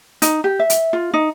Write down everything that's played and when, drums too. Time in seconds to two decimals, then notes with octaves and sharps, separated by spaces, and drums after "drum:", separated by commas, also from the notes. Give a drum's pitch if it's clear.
0.22 D#4, drum: hi-hat
0.44 G4
0.59 E5
0.70 drum: hi-hat
0.93 F4
1.14 D#4